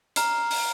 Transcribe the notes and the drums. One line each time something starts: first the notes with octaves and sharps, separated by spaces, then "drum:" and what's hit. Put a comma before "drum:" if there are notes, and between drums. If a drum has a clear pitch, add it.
A#5 F6 C7, drum: hi-hat
drum: open hi-hat